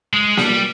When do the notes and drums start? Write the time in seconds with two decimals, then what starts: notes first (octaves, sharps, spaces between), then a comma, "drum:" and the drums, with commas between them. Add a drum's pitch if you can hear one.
0.13 G#3
0.37 G3, drum: snare A#3